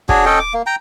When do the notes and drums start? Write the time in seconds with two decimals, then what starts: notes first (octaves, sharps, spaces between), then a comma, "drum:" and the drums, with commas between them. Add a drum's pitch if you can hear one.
0.09 D4 F#4 G#4 C#5, drum: kick
0.26 C#4 A4 D#5 G5
0.39 D6
0.54 A#3
0.66 G5 A#5